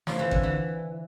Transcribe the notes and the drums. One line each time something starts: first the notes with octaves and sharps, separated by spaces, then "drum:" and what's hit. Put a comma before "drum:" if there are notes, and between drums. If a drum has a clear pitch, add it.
F3, drum: snare
E3
D3, drum: kick
E3